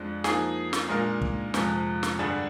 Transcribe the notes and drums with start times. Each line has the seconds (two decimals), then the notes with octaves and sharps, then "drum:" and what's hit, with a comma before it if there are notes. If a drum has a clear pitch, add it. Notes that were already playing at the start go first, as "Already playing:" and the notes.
Already playing: F2 G#3 D4 F4
0.24 F3 A#3 D#4 G#4, drum: snare
0.73 drum: snare
0.88 A#2 G#3 D4 F4 A#4
1.21 drum: kick
1.54 F2 C3 F3 G#3, drum: snare
2.03 drum: snare
2.19 G2 D3 G3 D4 G#4